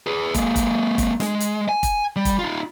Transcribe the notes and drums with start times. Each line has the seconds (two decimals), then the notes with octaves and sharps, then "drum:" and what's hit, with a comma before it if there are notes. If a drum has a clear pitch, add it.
0.07 G#4 B4
0.34 G#3 A#3, drum: kick, hi-hat
0.56 drum: kick, hi-hat
0.98 drum: kick, hi-hat
1.20 G#3, drum: snare
1.40 drum: hi-hat
1.69 G#5
1.83 drum: kick, hi-hat
2.16 G3
2.25 drum: kick, hi-hat
2.39 D#4 F4